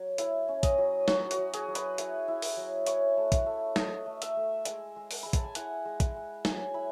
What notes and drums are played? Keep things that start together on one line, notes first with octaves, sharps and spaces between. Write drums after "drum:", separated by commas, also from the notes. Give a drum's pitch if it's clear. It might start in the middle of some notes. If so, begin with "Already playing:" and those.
Already playing: F#3
E4, drum: hi-hat
C#4
D#5, drum: kick, hi-hat
F#3
F#3 F#4, drum: snare
F#4, drum: hi-hat
F#3
G#4, drum: hi-hat
F#3
B4, drum: hi-hat
E4, drum: hi-hat
E4
drum: open hi-hat
F#3
E4 C#5, drum: hi-hat
A3
drum: kick, hi-hat
A3
A3 D#5, drum: snare
A3
E5, drum: hi-hat
A3
G#3, drum: hi-hat
G#3
drum: open hi-hat
G#3 B5
A5, drum: kick, hi-hat
G#5
E4 F#5, drum: hi-hat
G#3
drum: kick, hi-hat
G#3
F#3 G#5, drum: snare
E4 B5